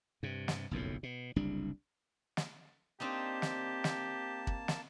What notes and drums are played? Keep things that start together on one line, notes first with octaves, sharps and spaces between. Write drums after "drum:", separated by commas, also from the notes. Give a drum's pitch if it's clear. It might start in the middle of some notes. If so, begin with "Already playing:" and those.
G2 C3
drum: snare
F#1 B1 F2 A2
B2
F#1 C2 G3 D4
drum: snare
A#3 C4 D4 D#4 G4 A5
drum: snare
drum: snare
drum: kick
drum: snare